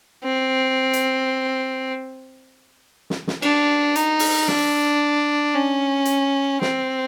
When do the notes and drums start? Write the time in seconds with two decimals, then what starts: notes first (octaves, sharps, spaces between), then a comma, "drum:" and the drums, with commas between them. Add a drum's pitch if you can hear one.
0.24 C4
0.93 drum: hi-hat
3.10 drum: snare
3.27 drum: snare
3.42 D4, drum: cymbal
3.96 D#4, drum: hi-hat
4.19 drum: open hi-hat
4.48 D4, drum: snare
5.55 C#4
6.05 drum: hi-hat
6.62 C4, drum: snare